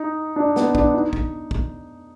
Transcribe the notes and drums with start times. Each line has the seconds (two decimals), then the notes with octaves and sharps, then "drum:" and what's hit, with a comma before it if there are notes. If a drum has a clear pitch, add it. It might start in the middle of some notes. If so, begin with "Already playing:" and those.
Already playing: D#4
0.36 D4
0.56 B3, drum: snare
0.75 D4, drum: kick
0.94 D#4
1.13 drum: kick
1.51 drum: kick